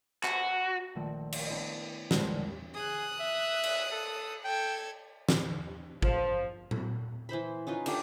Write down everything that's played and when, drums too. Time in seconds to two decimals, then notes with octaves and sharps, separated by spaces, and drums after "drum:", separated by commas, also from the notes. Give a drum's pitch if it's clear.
0.24 F#4, drum: clap
0.95 A#1 D#3 A3 G5
1.32 drum: cymbal
1.47 B3 D4 E4 C5 C#5 D#5
2.11 A#1 G3 G#3 C5, drum: snare
2.75 G#4 D#6 F#6
3.20 E5
3.63 drum: cymbal
3.92 A4
4.44 A4 G5 G#6
5.29 drum: snare
6.02 F3, drum: kick G#1
6.71 drum: tom A#2
7.29 E3 E4 C5 B5
7.67 C#4 D#4 F4 B4
7.86 A3 D4 F4 G4, drum: cymbal